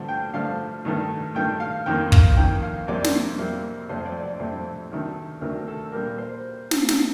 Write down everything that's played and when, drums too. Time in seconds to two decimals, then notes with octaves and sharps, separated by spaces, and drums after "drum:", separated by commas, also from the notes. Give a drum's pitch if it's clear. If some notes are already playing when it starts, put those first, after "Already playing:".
Already playing: G2 D3 F3 A3
0.08 G5
0.33 G2 D3 F3 A3 F5
0.85 G2 D#3 A3
1.35 G2 D#3 A3 G5
1.60 F5
1.86 F2 D#3 A#3 G5
2.12 F5, drum: kick
2.37 F2 D#3 A#3 G5
2.63 F5
2.87 F2 C3 G3 A#3 D5
3.04 drum: snare
3.38 F2 C3 G3 A#3
3.89 F2 C3 F3 A3 C5
4.06 D5
4.23 D5
4.40 F2 C3 F3 A3 C5
4.92 D2 C3 D#3 A3
5.41 D2 C3 D#3 A3 A#4
5.68 A4
5.92 A#2 G3 A#3 A#4
6.18 C5
6.71 drum: snare
6.89 drum: snare